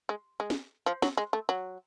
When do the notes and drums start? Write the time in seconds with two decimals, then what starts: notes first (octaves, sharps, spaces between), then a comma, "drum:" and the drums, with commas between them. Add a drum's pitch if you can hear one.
0.09 G#3
0.40 G#3
0.50 drum: snare
0.86 F3
1.02 F#3, drum: snare
1.17 G#3
1.33 A3
1.49 F#3